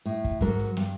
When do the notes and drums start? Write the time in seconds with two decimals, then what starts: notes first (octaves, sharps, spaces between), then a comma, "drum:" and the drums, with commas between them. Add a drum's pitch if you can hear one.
0.06 A2
0.24 drum: kick, hi-hat
0.41 G#2 F#3 A#4, drum: kick, hi-hat
0.59 drum: hi-hat
0.77 G2, drum: snare